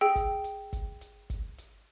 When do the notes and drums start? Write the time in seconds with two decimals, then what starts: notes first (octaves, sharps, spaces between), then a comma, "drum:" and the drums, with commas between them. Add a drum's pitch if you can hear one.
0.01 G#4 G5 E6
0.15 drum: kick G1, hi-hat
0.44 drum: hi-hat
0.73 drum: kick G1, hi-hat
1.01 drum: hi-hat
1.30 drum: kick G1, hi-hat
1.58 drum: hi-hat